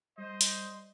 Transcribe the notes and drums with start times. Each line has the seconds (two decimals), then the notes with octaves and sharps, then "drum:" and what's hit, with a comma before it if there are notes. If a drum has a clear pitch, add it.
0.18 G3 C5 D#5
0.41 drum: hi-hat